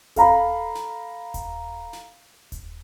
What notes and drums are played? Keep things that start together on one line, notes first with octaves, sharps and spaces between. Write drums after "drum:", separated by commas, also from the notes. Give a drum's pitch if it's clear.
A4 F5 A#5 B5, drum: kick D#1, hi-hat
drum: snare
drum: kick D#1, hi-hat
drum: snare
drum: kick D#1, hi-hat